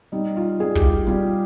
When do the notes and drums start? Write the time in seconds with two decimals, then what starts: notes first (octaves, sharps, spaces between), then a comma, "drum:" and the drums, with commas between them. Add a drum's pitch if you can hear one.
0.12 G3 D#4
0.37 F4
0.59 G3 G#4
0.75 G4, drum: kick
0.83 F4
1.07 G3 F4, drum: hi-hat